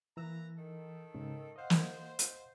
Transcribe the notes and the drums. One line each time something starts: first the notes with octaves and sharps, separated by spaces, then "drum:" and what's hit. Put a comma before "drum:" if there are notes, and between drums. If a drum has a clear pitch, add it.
E3 A#3 B4 A#5 E6
D#3 A4
G#2 C#3
C5 D#5 F5 F#5
drum: snare
drum: hi-hat